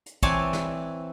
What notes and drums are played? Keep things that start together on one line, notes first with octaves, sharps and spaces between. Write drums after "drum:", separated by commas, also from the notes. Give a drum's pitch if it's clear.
drum: hi-hat
E3 C4 C#5 D5 G#5 A5, drum: kick
drum: snare